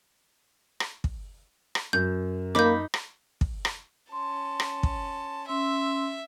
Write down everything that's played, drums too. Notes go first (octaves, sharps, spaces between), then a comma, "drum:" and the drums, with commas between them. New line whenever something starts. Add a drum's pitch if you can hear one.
drum: rim click
drum: kick
drum: rim click
F#2 G6
A#3 D#4 B5 D6 G6
drum: rim click
drum: kick
drum: rim click
C#4 A5 C6
drum: rim click
drum: kick
C#4 E5 C6 E6